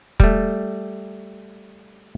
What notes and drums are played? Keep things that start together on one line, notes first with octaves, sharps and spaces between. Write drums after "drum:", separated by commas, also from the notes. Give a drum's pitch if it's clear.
G3 A3, drum: kick